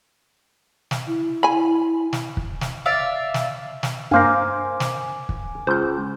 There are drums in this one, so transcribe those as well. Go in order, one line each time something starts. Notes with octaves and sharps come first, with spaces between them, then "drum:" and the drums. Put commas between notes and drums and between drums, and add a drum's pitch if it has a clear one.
drum: snare
E4
G#5 B5
drum: snare
drum: kick
drum: snare
D5 E5 F5
drum: snare
drum: snare
G2 A#3 A#4 C5 F5 G#5 D6
drum: snare
drum: kick
C#2 C5 G6